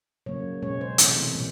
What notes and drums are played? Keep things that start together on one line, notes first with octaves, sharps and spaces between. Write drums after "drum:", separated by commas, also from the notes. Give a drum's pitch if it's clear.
C#3 F#3 A#3 C#5
B2 G#3 C#4 C#5
C5
C3 E3 A3 C4, drum: hi-hat
A#2 G3 A#3